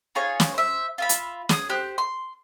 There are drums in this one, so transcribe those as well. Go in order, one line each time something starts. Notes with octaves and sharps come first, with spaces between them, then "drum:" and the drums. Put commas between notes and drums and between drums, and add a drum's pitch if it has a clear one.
D#4 F4 G#4 C#5
drum: snare
C5 E5
F4 E5 B5
drum: hi-hat
G#4 D#6, drum: snare
G4 C5 F#6
C6